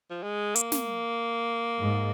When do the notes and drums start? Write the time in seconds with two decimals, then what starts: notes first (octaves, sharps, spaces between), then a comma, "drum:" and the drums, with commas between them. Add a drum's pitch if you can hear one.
0.10 F3
0.23 G#3
0.55 A#3, drum: hi-hat
0.72 drum: snare
1.80 G#2